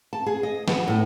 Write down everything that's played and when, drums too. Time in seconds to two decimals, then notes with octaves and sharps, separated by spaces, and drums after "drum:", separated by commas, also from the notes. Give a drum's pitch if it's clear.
0.13 A5
0.27 G#4
0.43 D#5
0.68 B3, drum: snare
0.87 A2